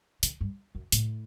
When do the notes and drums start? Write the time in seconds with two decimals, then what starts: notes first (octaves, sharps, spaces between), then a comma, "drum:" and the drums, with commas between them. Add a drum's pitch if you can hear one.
0.23 D3, drum: hi-hat
0.41 G2
0.75 F#2
0.92 A2, drum: hi-hat